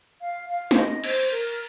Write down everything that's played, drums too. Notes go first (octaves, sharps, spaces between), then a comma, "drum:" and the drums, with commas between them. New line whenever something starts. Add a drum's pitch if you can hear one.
F5
F5
C5, drum: snare
D#5
C5, drum: cymbal
A#4